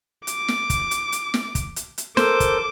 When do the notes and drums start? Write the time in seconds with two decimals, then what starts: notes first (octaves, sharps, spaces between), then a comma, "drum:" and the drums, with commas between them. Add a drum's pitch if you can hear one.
0.27 D6, drum: hi-hat
0.48 drum: snare
0.70 drum: kick, hi-hat
0.91 drum: hi-hat
1.12 drum: hi-hat
1.34 drum: snare
1.55 drum: kick, hi-hat
1.76 drum: hi-hat
1.98 drum: hi-hat
2.17 A4 A#4 C5 D6, drum: snare
2.40 drum: kick, hi-hat